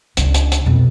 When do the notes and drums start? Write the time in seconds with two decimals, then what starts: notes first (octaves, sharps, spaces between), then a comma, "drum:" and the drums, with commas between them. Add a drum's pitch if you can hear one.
0.17 C#2 D4, drum: hi-hat
0.34 drum: hi-hat
0.52 drum: hi-hat
0.66 F2 B2